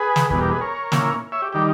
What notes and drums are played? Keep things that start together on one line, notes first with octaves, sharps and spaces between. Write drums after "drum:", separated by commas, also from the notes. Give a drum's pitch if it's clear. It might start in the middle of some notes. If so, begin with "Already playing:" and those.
Already playing: G#4 B4
drum: snare
E2 B2 G3 G#4 B4, drum: kick
G4 A#4
G#4 B4
A#4 C#5
A#2 A#3 C#4 E4, drum: snare
C#5 E5
G4
D#3 G3 G4